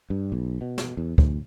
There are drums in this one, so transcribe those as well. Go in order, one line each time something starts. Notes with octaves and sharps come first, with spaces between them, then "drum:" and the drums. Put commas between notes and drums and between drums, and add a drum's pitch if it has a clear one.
G2
B1
B2
drum: snare
E2
D2, drum: kick